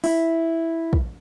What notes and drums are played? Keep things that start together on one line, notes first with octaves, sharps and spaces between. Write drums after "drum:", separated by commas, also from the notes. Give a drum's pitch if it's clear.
E4, drum: open hi-hat
drum: kick